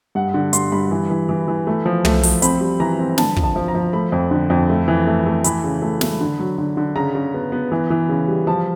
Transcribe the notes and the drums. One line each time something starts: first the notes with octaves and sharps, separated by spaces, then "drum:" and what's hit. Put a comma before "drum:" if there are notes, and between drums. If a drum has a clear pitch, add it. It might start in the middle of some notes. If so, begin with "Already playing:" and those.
G2 F#5
D3
G2 C6, drum: hi-hat
G2 B5
E3
E3
E3
E3
A3
F3
A3, drum: tom
F3, drum: open hi-hat
C4 B5, drum: hi-hat
G3
E3 A#5
C4
D3 A5, drum: snare
F3, drum: kick
A5
F3
A#5
F3
A3 B5
F2
D3
F2
A3
E3
A3
A3
E3 B5, drum: hi-hat
C#3
A3
A3, drum: snare
D3
F#3
D3
D3
C#3 A#5
C#3
B3
B3
E3
E3
C#3
G3
F3 A5